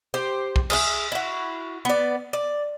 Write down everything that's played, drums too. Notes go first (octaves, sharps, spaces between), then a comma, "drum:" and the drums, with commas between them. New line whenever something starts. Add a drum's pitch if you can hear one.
G4 C5
drum: kick
G#4 B4 E5, drum: cymbal
E4 F#4
B3 D5
D5